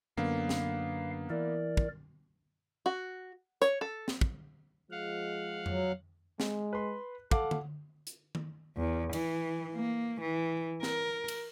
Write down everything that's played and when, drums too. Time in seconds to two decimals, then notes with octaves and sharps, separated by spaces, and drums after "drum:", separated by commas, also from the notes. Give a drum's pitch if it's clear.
0.17 F#2 D3 A#3 B3 F5
0.49 drum: snare
1.30 E3 A#4 D5
1.77 drum: kick
2.86 F#4
3.62 C#5, drum: hi-hat
3.81 A4
4.08 drum: snare
4.21 drum: kick
4.91 F3 G#3 F5 F#5
5.66 F#3, drum: tom F2
6.40 G#3, drum: snare
6.73 B4 C6
7.31 A4 F5 F#5 D6, drum: kick
7.51 drum: tom D3
8.07 drum: hi-hat
8.35 drum: tom D#3
8.78 E2
9.13 E3, drum: cymbal
9.75 A#3
10.21 E3
10.83 A#4, drum: snare
11.28 drum: cymbal